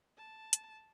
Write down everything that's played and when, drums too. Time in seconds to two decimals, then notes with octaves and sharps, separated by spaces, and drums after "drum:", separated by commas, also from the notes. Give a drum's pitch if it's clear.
0.18 A5
0.53 drum: hi-hat